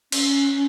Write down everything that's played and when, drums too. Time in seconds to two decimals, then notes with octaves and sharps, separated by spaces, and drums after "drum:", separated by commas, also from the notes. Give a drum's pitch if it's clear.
0.12 C#4, drum: cymbal